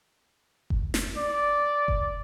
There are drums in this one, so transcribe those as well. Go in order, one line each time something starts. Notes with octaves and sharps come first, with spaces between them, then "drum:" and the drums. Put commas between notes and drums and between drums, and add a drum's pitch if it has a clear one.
drum: kick F#1
drum: snare
D5
drum: kick F#1